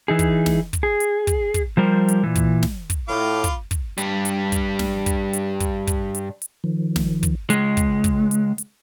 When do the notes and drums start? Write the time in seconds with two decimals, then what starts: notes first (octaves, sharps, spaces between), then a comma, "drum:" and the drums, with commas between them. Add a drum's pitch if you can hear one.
0.08 E3 D#4 G#4
0.19 drum: kick, hi-hat
0.46 drum: snare
0.73 drum: kick, hi-hat
0.83 G#4
1.00 drum: hi-hat
1.27 drum: kick, hi-hat
1.54 drum: kick, hi-hat
1.77 F3 G3 A#4 C5
2.08 drum: hi-hat
2.23 A#2 E3
2.36 drum: kick, hi-hat
2.63 drum: snare
2.90 drum: kick, hi-hat
3.08 A2 F4 F5 B5 D6
3.44 drum: kick, hi-hat
3.71 drum: kick, hi-hat
3.98 G2 G3, drum: hi-hat
4.25 drum: hi-hat
4.52 drum: kick, hi-hat
4.79 drum: snare
5.06 drum: kick, hi-hat
5.33 drum: hi-hat
5.60 drum: kick, hi-hat
5.87 drum: kick, hi-hat
6.15 drum: hi-hat
6.42 drum: hi-hat
6.64 D#3 F3
6.96 drum: snare
7.23 drum: kick, hi-hat
7.50 C#2 G#3, drum: hi-hat
7.77 drum: kick, hi-hat
8.04 drum: kick, hi-hat
8.31 drum: hi-hat
8.58 drum: hi-hat